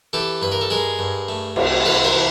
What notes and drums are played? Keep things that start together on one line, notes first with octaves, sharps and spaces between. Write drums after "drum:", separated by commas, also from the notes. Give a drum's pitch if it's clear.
E3 G4 A4
G2 B4
A#4
A4
G#3 G#4 A#4
G2
A3
C2, drum: cymbal
C2 A4 B4
A#4 C5
E3